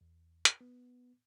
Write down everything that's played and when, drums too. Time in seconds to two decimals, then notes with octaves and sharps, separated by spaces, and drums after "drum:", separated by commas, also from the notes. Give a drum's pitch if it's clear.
0.01 E2
0.45 drum: hi-hat
0.61 B3